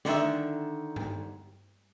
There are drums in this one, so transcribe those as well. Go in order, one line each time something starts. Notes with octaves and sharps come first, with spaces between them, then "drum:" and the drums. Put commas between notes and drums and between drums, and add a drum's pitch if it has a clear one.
D3 D#3 E5, drum: snare
drum: tom G2